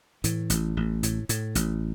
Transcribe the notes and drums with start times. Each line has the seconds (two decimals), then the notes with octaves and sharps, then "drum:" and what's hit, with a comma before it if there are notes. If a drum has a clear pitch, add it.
0.24 A2 E3, drum: hi-hat
0.50 A1, drum: hi-hat
0.77 A1
1.03 A2, drum: hi-hat
1.29 A2, drum: hi-hat
1.55 A1, drum: hi-hat